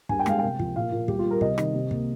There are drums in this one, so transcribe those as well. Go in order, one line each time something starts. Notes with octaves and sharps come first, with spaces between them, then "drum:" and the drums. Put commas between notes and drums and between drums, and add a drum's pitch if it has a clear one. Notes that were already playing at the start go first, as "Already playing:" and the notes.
G2 G#5, drum: kick
G5
G#3 F5, drum: rim click
C3 G5
F3, drum: kick
A#2 F5
A#2
G3 G4, drum: kick
F4
G3
A#4
C3 D#5, drum: kick
D#3, drum: rim click
C3
A#3, drum: kick